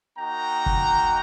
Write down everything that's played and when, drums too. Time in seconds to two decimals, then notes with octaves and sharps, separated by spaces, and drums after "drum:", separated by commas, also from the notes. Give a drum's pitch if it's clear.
0.18 A#3 D#4 F#4 G5 A#5
0.66 drum: kick